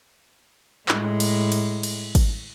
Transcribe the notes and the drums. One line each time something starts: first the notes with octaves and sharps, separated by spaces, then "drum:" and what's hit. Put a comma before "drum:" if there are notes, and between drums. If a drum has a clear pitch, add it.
A2 G#3, drum: clap
drum: cymbal
drum: cymbal
drum: cymbal
drum: kick, cymbal